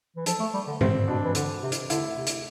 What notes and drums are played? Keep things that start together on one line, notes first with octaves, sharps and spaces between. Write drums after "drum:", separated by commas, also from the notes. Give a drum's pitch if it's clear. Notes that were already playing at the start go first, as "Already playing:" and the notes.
E3
F3 A4, drum: hi-hat
A3
G3
D3
C3 C4, drum: tom G2
B2 D4
E3
D3, drum: hi-hat
C3
drum: hi-hat
D3 E4, drum: hi-hat
C3
drum: hi-hat